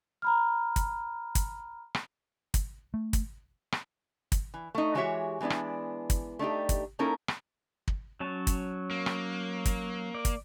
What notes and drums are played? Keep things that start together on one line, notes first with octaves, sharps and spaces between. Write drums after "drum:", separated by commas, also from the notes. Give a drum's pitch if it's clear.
A#5 B5 F6
drum: kick, hi-hat
drum: kick, hi-hat
drum: rim click
drum: kick, hi-hat
A3
drum: kick, hi-hat
drum: rim click
drum: kick, hi-hat
E3
A3 D#4
E3 G#3 F#4 G4 C#5 E5
E3 G#3 B3 D4 E4
drum: rim click
drum: kick, hi-hat
A3 D4 D#4 G4
drum: kick, hi-hat
A#3 C#4 D#4 E4 A4 A#4
drum: rim click
drum: kick
F#3 C#4 A5
drum: kick, hi-hat
A#3
drum: rim click
drum: kick, hi-hat
D5
drum: kick, hi-hat